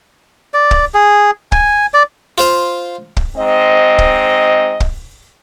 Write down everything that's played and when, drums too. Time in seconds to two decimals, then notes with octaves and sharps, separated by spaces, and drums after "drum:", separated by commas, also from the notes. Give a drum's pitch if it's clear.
0.54 D5
0.71 drum: kick
0.94 G#4
1.52 G#5, drum: kick
1.94 D5
2.38 F4 C5 F5
3.17 drum: kick
3.37 G#2 C4 D#5
3.98 drum: kick
4.80 drum: kick